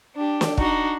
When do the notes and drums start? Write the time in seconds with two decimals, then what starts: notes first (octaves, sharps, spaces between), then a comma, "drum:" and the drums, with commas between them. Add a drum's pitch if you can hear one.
0.16 D4 G4
0.41 drum: snare
0.57 D4 D#4 F#4, drum: kick